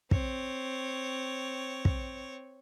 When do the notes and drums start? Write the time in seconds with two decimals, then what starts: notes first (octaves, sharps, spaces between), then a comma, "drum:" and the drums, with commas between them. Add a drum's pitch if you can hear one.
0.11 C4 C#5, drum: kick
1.85 drum: kick